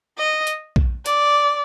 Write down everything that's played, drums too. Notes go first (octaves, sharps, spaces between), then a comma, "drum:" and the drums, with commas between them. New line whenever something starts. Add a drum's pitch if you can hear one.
D#5
drum: hi-hat
drum: kick A#1
D5, drum: hi-hat